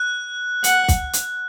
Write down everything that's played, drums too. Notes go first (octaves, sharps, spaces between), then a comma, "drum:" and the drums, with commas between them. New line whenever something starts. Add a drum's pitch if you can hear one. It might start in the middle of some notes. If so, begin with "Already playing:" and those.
Already playing: F#6
F#5, drum: hi-hat
drum: kick, hi-hat
drum: hi-hat